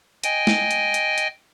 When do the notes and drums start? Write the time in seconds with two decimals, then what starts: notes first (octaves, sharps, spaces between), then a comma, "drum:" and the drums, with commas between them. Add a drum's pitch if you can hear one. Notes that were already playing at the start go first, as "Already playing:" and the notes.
0.24 D#5 G5 G#5, drum: hi-hat
0.47 drum: snare
0.71 drum: hi-hat
0.94 drum: hi-hat
1.18 drum: hi-hat